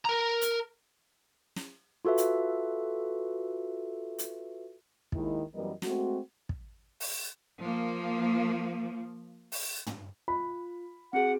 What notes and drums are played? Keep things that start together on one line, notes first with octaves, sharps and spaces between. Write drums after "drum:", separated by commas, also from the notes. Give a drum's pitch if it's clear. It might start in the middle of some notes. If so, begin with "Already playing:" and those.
A#4 A#5
drum: hi-hat
drum: snare
F4 F#4 A4 B4 E5
drum: hi-hat
drum: hi-hat
D#2 D#3 G#3 E4, drum: kick
F#2 E3 G3 B3 A#4 D#5
G#3 A3 C4 F#4, drum: snare
drum: kick
drum: open hi-hat
F3 A#3
drum: open hi-hat
drum: tom
F4 B5
C4 F#4 G#4 F#5